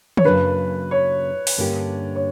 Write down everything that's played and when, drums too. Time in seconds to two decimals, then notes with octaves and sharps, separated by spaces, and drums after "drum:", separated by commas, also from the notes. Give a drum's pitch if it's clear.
0.17 C#5, drum: tom
0.24 F#2 C#3 F#3 A#3 D4 B4
0.91 C#5
1.47 drum: open hi-hat
1.58 G2 D3 A#3 C#4 G4
2.15 C#5